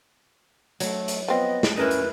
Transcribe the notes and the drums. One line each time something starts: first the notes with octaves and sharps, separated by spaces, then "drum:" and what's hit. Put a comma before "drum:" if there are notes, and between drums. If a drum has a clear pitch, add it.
F#3 A3, drum: hi-hat
drum: hi-hat
F3 B3 C4 D#5
drum: snare
C#4 E4 A#4 B4 D#5
drum: hi-hat